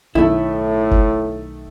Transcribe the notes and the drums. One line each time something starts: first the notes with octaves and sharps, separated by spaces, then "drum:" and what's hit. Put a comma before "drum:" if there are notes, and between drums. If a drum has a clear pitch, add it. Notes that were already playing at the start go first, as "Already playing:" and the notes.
B1 A2 D#3 A3 E4
drum: kick F#1